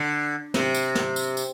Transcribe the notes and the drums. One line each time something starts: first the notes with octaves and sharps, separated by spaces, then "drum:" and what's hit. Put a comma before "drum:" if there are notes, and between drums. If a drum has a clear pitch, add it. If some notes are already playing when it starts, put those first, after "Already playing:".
Already playing: D3
C3, drum: snare
drum: tambourine
drum: snare
drum: tambourine
drum: tambourine